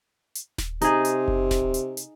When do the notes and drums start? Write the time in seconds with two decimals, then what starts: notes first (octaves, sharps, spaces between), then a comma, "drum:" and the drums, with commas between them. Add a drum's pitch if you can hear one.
0.35 drum: hi-hat
0.58 drum: snare D#1
0.81 C3 D#4 G#4, drum: hi-hat
1.05 drum: hi-hat
1.28 drum: kick F#1
1.51 drum: snare D#1
1.74 drum: hi-hat
1.97 drum: hi-hat